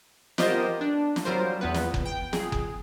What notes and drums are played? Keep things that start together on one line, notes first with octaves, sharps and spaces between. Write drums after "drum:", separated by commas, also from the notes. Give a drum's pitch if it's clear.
B3 F4 G4 A#4 C5 D#5, drum: snare
D4
drum: snare
F#3 G3 F4 A#4 C5
E2 B3 B4
drum: snare
drum: kick F#1
G5
G#4, drum: snare
drum: kick F#1